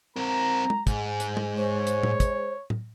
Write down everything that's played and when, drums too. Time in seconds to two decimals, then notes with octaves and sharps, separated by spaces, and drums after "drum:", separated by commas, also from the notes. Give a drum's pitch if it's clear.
0.16 C4 A#4 A#5
0.70 drum: tom G#3
0.87 G#2 G#3, drum: kick, hi-hat
1.20 drum: hi-hat
1.37 drum: tom G#3
1.58 C5 C#5
1.87 drum: hi-hat
2.03 drum: tom A2
2.20 drum: kick, hi-hat
2.70 drum: tom A2